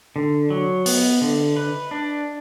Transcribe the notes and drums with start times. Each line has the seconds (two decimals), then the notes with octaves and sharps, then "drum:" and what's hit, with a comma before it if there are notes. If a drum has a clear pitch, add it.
0.16 D3
0.50 F#3
0.86 B3, drum: open hi-hat
1.21 D3
1.56 B4
1.91 D4